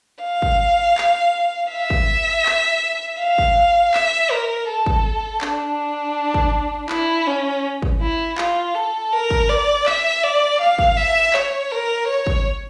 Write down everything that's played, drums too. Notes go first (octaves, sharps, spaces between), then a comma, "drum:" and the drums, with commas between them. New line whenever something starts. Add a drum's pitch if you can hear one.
F5
drum: kick
drum: clap
E5
drum: kick
drum: clap
F5
drum: kick
E5, drum: clap
A#4
A4
drum: kick
D4, drum: clap
drum: kick
E4, drum: clap
C#4
drum: kick
E4
F4, drum: clap
A4
A#4
drum: kick
D5
E5, drum: clap
D5
F5
drum: kick
E5
C#5, drum: clap
A#4
C#5
drum: kick